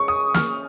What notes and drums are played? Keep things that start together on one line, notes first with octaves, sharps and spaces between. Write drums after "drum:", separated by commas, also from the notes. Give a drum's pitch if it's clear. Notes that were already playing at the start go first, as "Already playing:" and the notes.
Already playing: G#3 C#4 C#6
D#6
F6, drum: snare